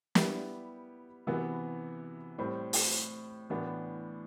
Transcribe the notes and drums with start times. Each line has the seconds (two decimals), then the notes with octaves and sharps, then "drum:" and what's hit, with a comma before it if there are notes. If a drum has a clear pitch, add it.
0.15 G3 B3 E4 G4, drum: snare
1.27 C3 E3 B3 F#4
2.38 A2 G3 C4
2.73 drum: open hi-hat
3.50 A2 E3 B3 D4 F#4